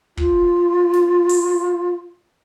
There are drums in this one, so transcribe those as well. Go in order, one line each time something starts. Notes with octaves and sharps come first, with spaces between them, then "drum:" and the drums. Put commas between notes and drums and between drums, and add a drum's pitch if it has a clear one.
F4, drum: kick
drum: snare
drum: open hi-hat